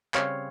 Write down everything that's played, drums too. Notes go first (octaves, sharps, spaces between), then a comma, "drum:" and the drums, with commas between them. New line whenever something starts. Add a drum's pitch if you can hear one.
C#3 G3 C4 C#5 F5, drum: clap